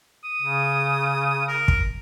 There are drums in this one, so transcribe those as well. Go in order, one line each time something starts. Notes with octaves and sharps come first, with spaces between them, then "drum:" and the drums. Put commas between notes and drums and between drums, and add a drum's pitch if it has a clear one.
D#6
C#3
A#4
drum: kick